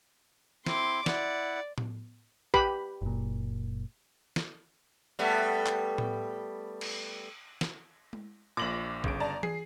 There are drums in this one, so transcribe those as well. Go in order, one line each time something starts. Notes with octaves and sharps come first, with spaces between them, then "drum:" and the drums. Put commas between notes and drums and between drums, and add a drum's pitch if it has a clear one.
C4 E4 C6 D6, drum: snare
E4 D5 F#5, drum: snare
drum: tom A2
G4 B4 B5, drum: kick A#1
F#1 A#2
drum: snare
G3 A3 B3
drum: clap
drum: tom A2
drum: cymbal
drum: snare
drum: tom G#3
A#1 A#2 D6 A#6 F#7
G1 C#3 D7, drum: kick A#1
D5 A5 A#5
G#4 C7, drum: tom